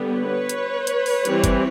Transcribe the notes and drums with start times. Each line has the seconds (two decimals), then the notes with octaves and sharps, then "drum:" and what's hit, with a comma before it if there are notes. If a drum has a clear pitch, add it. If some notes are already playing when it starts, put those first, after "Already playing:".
Already playing: D3 G3 B3
0.12 B4 C#5
0.49 drum: hi-hat
0.87 drum: hi-hat
1.06 drum: open hi-hat
1.25 E3 G3 C4, drum: hi-hat
1.44 drum: kick, hi-hat